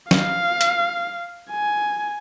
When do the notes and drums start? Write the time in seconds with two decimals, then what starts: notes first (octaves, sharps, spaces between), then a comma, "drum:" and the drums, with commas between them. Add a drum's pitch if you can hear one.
0.11 F5, drum: snare F3
0.61 drum: hi-hat
1.51 G#5